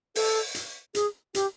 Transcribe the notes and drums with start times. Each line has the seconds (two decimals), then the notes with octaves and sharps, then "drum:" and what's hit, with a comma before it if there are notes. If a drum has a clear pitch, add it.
0.15 A4, drum: open hi-hat
0.55 drum: hi-hat
0.95 G#4, drum: hi-hat
1.35 G4, drum: hi-hat